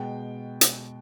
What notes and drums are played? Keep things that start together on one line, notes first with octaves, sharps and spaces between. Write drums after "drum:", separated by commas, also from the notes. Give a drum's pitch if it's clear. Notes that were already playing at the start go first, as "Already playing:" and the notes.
Already playing: B2 G#3 B3 G5
drum: hi-hat